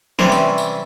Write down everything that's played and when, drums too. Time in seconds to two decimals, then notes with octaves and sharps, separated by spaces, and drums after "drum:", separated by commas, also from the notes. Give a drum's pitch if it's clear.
0.19 C3 E3 G3 C#4, drum: snare
0.32 drum: tambourine
0.58 drum: tambourine